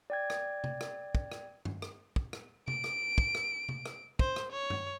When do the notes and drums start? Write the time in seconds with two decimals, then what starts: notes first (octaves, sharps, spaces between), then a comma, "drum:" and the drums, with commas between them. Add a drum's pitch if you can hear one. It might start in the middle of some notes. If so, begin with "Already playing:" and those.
0.10 D5 G5 G#6
0.30 drum: rim click
0.64 drum: tom C3
0.81 drum: rim click
1.15 drum: kick
1.32 drum: rim click
1.65 drum: tom G2
1.82 drum: rim click
2.16 drum: kick
2.33 drum: rim click
2.68 D7, drum: tom C3
2.84 drum: rim click
3.18 drum: kick
3.35 drum: rim click
3.69 drum: tom C3
3.86 drum: rim click
4.19 C5, drum: kick
4.36 drum: rim click
4.52 C#5
4.70 drum: tom G2